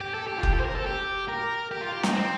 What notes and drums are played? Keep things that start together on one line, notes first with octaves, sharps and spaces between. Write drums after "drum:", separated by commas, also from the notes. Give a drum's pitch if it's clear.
G4
A4
G4
F4
G4, drum: kick F#1
A4
C5
A#4
A4
G4
A#4
G4
F4
G4
D#4, drum: snare
C4